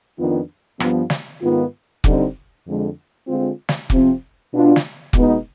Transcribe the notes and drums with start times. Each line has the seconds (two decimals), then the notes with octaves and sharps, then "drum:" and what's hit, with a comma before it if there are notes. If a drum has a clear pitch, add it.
0.18 F2 D#3 B3 D4 F4
0.80 G2 F3 B3, drum: rim click
1.10 drum: snare
1.42 G#2 D#3 B3 F4
2.04 D3 G3 C4 D#4, drum: kick
2.66 F2 D3 G#3
3.27 D3 G#3 C4 F4
3.69 drum: snare
3.90 C3 F3 C4, drum: kick
4.52 B2 B3 D4 F4
4.76 drum: snare
5.13 B2 G#3 B3 D#4, drum: kick